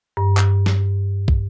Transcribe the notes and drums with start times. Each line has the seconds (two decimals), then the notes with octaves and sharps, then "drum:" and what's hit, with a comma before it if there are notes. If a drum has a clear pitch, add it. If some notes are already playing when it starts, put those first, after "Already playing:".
0.17 G2
0.37 drum: clap
0.66 drum: snare
1.28 drum: kick